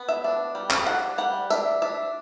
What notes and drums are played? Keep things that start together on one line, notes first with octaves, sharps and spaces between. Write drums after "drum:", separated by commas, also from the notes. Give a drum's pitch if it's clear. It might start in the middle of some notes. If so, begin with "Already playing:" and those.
Already playing: B3
E5
D4
G3
drum: clap
D4 F#5
G3 F#5
D4 E5, drum: tambourine
D4 E5